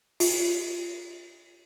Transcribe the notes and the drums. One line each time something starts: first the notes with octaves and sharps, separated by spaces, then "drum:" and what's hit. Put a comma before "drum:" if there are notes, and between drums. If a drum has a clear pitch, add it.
F4, drum: open hi-hat